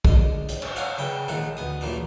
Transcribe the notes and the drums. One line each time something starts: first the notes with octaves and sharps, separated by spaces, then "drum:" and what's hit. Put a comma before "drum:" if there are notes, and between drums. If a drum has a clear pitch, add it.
D3 G#3 D#5, drum: kick
drum: hi-hat
drum: cymbal
C#5 F5 F#5 G#5 A#5 D6
C#3 B4 G5
A#1 A2 D#3 G#3 D#4 F#5
D2 B3 D#6
A#1 F#2 A#2 E3 A3